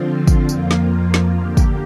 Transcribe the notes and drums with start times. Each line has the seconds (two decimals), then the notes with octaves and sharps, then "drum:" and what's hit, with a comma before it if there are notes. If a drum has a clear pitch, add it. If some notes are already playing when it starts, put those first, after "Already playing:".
Already playing: D3 F3 C4 F4
0.27 drum: kick, tambourine
0.49 F2 F3 A#3 F4, drum: tambourine
0.71 drum: snare
1.14 drum: snare
1.36 D3 A#3 G4
1.57 drum: kick, tambourine